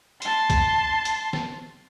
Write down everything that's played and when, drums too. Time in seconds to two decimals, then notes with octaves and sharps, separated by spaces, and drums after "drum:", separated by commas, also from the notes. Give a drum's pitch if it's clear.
0.22 A5 C6, drum: hi-hat
0.50 drum: kick C2, hi-hat
1.05 drum: hi-hat
1.33 drum: snare